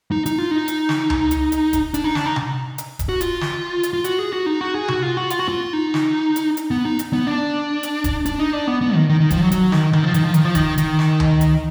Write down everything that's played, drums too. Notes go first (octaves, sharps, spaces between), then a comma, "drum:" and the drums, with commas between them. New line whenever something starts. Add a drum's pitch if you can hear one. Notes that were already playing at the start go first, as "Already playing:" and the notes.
D#4
D#4, drum: hi-hat
F4
D#4
drum: hi-hat
drum: snare
drum: tom C#2
drum: hi-hat
drum: hi-hat
drum: kick D#1, hi-hat
D4, drum: hi-hat
D#4
D4, drum: snare
D#4
drum: tom C3
drum: hi-hat
drum: kick D#1, hi-hat
F#4
F4, drum: hi-hat
drum: snare
drum: hi-hat
F4
F#4, drum: hi-hat
G#4
F#4
D#4
F#4
G#4
F#4, drum: tom C3
F4
F#4
F4, drum: hi-hat
F#4
F4
D#4
drum: snare
drum: hi-hat
drum: hi-hat
B3
D#4
drum: hi-hat
B3
D4
drum: hi-hat
drum: kick D#1, hi-hat
D4, drum: hi-hat
D#4
D4
B3
B3
D#3
D#3
D#3
F3, drum: kick D#1, hi-hat
F#3
F#3, drum: hi-hat
D#3, drum: snare
D#3, drum: tom C3
F3
D#3, drum: hi-hat
F3
D#3, drum: hi-hat
F3
D#3, drum: kick D#1, hi-hat
D#3, drum: hi-hat
drum: snare
drum: tom C#2
drum: hi-hat